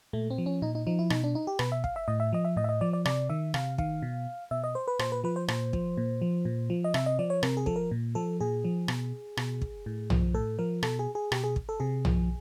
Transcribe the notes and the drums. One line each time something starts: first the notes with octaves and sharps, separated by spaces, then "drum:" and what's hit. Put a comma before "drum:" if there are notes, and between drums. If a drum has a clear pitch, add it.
A#2 A3
C4
F3
C#4
A#2 D#4
D#4
F3 D#4
E4
B2 D#4, drum: rim click
D4
D#4
G4
B2 B4, drum: rim click
E5
F5, drum: kick
E5
A2 D#5
E5
F3 D#5
E5
A2 D#5
E5
D#5
F3 D5
D5
C3 D5, drum: rim click
D#3 E5
C3 F5, drum: rim click
D#3 F5, drum: kick
B2
B2 E5
D#5
C5
B4
A#2 C5, drum: rim click
B4
F3 B4
C5
A#2 C5, drum: rim click
F3, drum: kick
A#2
F3
A#2
F3
D#5
C3 E5, drum: rim click
D#5
F3 D5
C#5
C3 A#4, drum: rim click
G#4
F3 A4, drum: kick
A#4
A#2
F3 A4
A#2 G#4
F3
B2, drum: rim click
B2, drum: rim click
drum: kick
A2
F3, drum: tom
A2 A4
F3 A#4
B2 A4, drum: rim click
G#4
G#4
B2 G4, drum: rim click
G#4
drum: kick
A4
C3 G#4
F3, drum: tom